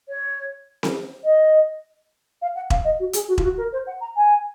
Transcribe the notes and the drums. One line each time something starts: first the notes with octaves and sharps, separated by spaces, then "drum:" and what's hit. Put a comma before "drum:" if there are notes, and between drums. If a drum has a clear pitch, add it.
C#5
drum: snare C4
D#5
F5
F#5
F5, drum: kick E1
D#5
F#4
G#4, drum: hi-hat
F#4
F4, drum: kick E1
F#4
A#4
C5
F#5
A#5
G#5